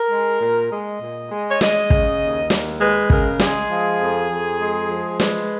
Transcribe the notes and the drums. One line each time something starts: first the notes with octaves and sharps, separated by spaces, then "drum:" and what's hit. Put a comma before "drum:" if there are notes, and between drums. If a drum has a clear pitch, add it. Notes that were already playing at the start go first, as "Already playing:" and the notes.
Already playing: A#4
G#3
A#2
G#3 D#5
A#2
G#3
C#5
G#3 D#5, drum: snare
C#3, drum: kick
D#2
D#2, drum: snare
G#3 B4
C#3 A#4, drum: kick
G#3 G#4, drum: snare
F3
F2
F2
G#3
F3
G#3 B4, drum: snare